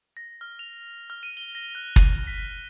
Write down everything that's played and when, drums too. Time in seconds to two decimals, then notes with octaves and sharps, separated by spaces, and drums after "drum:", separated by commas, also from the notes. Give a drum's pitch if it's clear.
0.17 A#6
0.41 F6
0.59 F7
1.10 F6
1.23 D#7
1.37 G7
1.55 A#6
1.75 F#6
1.96 D#7, drum: kick
2.27 B6